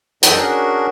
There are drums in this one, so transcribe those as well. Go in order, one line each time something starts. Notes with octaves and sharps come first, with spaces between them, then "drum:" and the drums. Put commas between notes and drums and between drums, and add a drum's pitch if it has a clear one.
F#2 E3 A4 D#5 G5, drum: hi-hat
C#4 D4 F#4 G#4 A#4